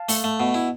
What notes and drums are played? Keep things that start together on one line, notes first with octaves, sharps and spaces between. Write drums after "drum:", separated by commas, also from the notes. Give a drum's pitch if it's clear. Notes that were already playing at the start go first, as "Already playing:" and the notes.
Already playing: F5 A5
A3, drum: open hi-hat
A3
B2
E4